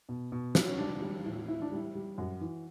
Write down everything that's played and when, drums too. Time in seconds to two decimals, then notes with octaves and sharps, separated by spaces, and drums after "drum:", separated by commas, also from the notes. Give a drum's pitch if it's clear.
0.09 B2
0.32 B2
0.55 F#3, drum: snare
0.68 C#4
0.78 G3 D4
1.01 G3
1.25 A2
1.48 A2 E4
1.62 D4
1.72 G3 E4
1.95 G3
2.18 F#2 F#4
2.41 E3